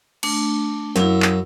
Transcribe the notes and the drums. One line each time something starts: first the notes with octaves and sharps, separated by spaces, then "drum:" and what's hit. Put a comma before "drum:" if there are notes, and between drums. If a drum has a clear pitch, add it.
A3 D4, drum: cymbal
F#2 E4 F5, drum: snare
drum: clap